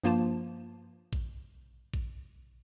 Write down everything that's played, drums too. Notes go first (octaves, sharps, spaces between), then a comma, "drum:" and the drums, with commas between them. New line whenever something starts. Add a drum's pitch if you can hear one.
G2 F3 A#3 F4 C5 A5, drum: open hi-hat
drum: kick A1
drum: kick A1